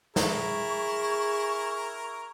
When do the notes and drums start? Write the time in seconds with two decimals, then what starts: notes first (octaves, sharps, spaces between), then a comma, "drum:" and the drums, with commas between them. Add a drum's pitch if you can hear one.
0.16 E4 G#4 A#4 C#6, drum: snare